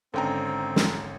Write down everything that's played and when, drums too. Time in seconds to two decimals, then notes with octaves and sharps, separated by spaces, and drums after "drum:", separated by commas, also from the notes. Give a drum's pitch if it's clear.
0.14 G#1 D3 C4 C#4 A4 G5 A#5
0.76 drum: snare